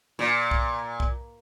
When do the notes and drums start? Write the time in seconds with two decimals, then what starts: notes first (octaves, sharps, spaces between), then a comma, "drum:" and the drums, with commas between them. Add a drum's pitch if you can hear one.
0.19 A#2
0.51 drum: kick
1.00 drum: kick